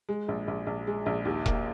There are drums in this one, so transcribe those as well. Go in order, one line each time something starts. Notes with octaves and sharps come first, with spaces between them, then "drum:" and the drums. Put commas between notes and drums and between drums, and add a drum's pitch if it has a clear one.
G#3
A#1
A#1
A#1
G#3
A#1
D#2
A#3, drum: kick E1